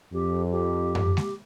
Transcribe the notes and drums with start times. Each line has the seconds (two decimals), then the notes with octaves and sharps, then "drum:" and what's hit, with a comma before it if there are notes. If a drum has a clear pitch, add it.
0.13 F2 G4
0.51 G4
0.95 drum: tom F#2
1.17 drum: snare G#3